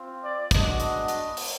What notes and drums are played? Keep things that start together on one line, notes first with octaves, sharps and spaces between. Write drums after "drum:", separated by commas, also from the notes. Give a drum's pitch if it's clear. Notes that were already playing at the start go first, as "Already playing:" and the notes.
Already playing: C4 F4
D5
G#3 B3 D4 F#4 D#5, drum: kick, hi-hat
drum: hi-hat
drum: hi-hat
drum: open hi-hat